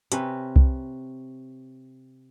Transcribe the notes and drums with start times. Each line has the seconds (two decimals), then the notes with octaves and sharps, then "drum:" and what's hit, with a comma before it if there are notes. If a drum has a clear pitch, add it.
0.12 C3 C#4 B4, drum: hi-hat
0.56 drum: kick C2